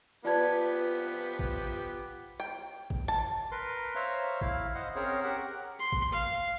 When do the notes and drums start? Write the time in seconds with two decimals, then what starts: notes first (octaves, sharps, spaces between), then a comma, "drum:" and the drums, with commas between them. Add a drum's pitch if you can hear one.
0.25 F3 B3 F4 G4 B4 D5 A5 G#6
1.39 drum: kick A1
2.40 G5
2.90 drum: kick A1
3.08 A5
3.51 A#4 B4 C6
3.95 C5 C#5 E5 F5 A#5
4.41 E4 F5, drum: kick A1
4.75 C5 D#5 F5 F#5
4.95 C4 C#4 G#4 A#4 C5 C#5
5.23 G4 A#4 F#5
5.79 C6
5.92 drum: kick A1
6.13 F5